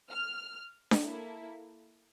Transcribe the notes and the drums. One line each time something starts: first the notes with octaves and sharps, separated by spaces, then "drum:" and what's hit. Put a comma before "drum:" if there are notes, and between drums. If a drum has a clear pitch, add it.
F6
drum: snare D4
A#3 E4 A4